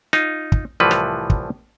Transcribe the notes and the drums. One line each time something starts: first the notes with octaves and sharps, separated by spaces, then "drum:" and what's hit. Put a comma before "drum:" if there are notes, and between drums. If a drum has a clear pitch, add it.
D#4 F4, drum: rim click
drum: kick
C2 A2 E3 F3 B4
drum: rim click
drum: kick